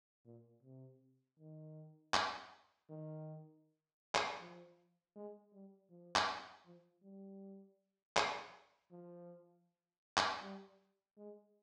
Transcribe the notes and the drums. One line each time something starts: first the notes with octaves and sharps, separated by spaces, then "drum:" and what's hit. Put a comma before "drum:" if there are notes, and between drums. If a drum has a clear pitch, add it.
A#2
C3
D#3
drum: clap
D#3
drum: clap
F3
G#3
G3
F3
drum: clap
F3
G3
drum: clap
F3
drum: clap
G3
G#3